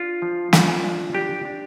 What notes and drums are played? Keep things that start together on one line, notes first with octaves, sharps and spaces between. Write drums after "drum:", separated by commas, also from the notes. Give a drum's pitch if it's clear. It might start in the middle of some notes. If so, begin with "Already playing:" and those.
Already playing: D4 F4
F3
F3, drum: snare
D4
D4 G4
D4